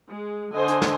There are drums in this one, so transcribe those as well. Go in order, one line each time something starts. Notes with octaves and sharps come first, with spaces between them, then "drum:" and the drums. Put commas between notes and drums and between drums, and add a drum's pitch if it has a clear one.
G#3
D3 C5 D#5 G#5
drum: hi-hat
drum: snare